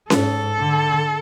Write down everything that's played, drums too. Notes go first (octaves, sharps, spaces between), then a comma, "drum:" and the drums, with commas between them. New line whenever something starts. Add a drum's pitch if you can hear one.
G#2 A4, drum: snare C#4
D3